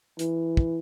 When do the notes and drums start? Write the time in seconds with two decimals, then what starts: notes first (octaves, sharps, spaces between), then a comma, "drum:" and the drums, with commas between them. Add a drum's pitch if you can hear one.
0.19 E3, drum: hi-hat
0.57 drum: kick